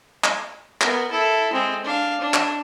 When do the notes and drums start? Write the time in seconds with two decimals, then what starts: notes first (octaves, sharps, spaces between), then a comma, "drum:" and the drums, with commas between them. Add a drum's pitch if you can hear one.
0.24 drum: clap
0.81 B3 A#4, drum: clap
1.11 E4 A4
1.52 G#3 C4
1.85 D4 F5
2.21 D4
2.34 drum: clap